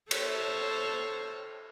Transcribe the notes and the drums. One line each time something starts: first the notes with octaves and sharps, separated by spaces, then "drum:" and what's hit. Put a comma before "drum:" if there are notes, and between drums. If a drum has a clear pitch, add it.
A4 C5 C#5, drum: cymbal